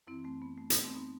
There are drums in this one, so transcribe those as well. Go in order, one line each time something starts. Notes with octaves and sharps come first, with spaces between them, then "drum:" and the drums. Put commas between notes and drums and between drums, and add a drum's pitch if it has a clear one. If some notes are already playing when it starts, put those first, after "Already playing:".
F#2 E3 C4 E4
A3 C4
B3
A3
B3, drum: hi-hat
A3 C4
B3 D#4